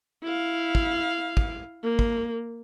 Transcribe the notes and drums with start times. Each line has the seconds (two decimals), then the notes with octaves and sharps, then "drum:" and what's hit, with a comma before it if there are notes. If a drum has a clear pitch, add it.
0.24 E4 F5
0.75 drum: kick
1.37 drum: kick
1.83 A#3
1.99 drum: kick